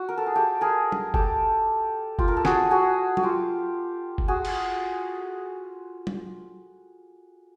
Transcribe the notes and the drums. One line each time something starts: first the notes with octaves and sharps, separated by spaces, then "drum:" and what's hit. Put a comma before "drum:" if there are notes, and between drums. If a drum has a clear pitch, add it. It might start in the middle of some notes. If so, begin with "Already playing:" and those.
Already playing: F#4
A#4
A4
G#4
G4 A4
G#4 A#4
drum: tom
G4 A4, drum: kick F#1
F4 G4, drum: kick F#1
A#4
A4
F#4 G#4, drum: snare
F#4 G#4
F#4, drum: tom
F4 G4
drum: kick F#1
F#4 G#4
drum: cymbal
drum: tom